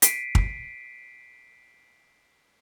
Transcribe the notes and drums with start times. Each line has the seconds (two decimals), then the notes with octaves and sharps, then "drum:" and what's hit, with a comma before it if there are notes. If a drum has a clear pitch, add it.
0.02 B6 C7 D7 D#7, drum: hi-hat
0.35 drum: kick